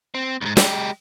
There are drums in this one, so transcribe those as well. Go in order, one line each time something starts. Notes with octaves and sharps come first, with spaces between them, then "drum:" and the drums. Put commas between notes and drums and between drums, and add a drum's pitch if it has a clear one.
C4
D2 G#2
G#3 G4, drum: snare